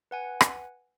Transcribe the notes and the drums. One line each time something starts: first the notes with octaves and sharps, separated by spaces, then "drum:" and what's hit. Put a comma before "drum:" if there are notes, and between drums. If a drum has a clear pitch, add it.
B4 F#5 G#5
drum: rim click